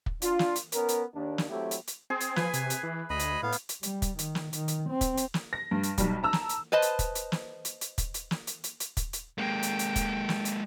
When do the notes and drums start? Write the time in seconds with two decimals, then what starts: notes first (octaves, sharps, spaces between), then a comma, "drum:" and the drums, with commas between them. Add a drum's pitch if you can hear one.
0.06 drum: kick
0.22 D4 F4, drum: hi-hat
0.39 drum: snare
0.56 drum: hi-hat
0.72 B3 C#4 A#4, drum: hi-hat
0.89 drum: hi-hat
1.14 D#2 D4
1.38 drum: snare
1.49 F#3 A3 C4 E4 G4
1.71 drum: hi-hat
1.88 drum: hi-hat
2.10 C4 G#4
2.21 drum: hi-hat
2.36 F3 B4 G#5, drum: snare
2.54 C3, drum: hi-hat
2.70 drum: hi-hat
2.83 E3
3.10 D2 D#5 B5
3.20 drum: hi-hat
3.43 A2 B3 F5
3.53 drum: hi-hat
3.69 drum: hi-hat
3.83 G3, drum: hi-hat
4.02 drum: kick, hi-hat
4.19 D#3, drum: hi-hat
4.35 drum: snare
4.53 D#3, drum: hi-hat
4.68 drum: hi-hat
4.90 C4
5.01 drum: kick, hi-hat
5.17 drum: hi-hat
5.34 drum: snare
5.53 A#6
5.71 G2
5.83 drum: hi-hat
5.98 B1 G3, drum: kick, hi-hat
6.23 A5 A#5 E6
6.33 drum: snare
6.49 drum: hi-hat
6.72 B4 C5 D#5 A5
6.82 drum: hi-hat
6.99 drum: kick, hi-hat
7.15 drum: hi-hat
7.32 drum: snare
7.65 drum: hi-hat
7.81 drum: hi-hat
7.98 drum: kick, hi-hat
8.14 drum: hi-hat
8.31 drum: snare
8.47 drum: hi-hat
8.64 drum: hi-hat
8.80 drum: hi-hat
8.97 drum: kick, hi-hat
9.13 drum: hi-hat
9.38 G#3 A#3 G5
9.63 drum: hi-hat
9.79 drum: hi-hat
9.96 drum: kick, hi-hat
10.29 drum: snare
10.45 drum: hi-hat